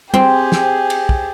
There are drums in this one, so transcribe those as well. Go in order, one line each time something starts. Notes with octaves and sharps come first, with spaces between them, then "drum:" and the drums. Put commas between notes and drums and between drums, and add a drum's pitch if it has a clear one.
C4 G4 G#4, drum: tom
drum: snare
drum: cymbal
drum: kick